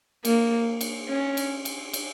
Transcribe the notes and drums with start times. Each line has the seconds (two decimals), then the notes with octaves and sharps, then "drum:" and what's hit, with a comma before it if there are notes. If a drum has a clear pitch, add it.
0.25 A#3, drum: cymbal
0.81 drum: cymbal
1.09 C#4
1.37 drum: cymbal
1.65 drum: cymbal
1.93 drum: cymbal